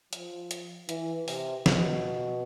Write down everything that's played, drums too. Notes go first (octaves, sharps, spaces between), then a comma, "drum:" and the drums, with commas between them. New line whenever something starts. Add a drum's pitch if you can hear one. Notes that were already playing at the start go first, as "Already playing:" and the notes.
F3, drum: hi-hat
drum: hi-hat
E3, drum: hi-hat
C3, drum: open hi-hat
B2, drum: snare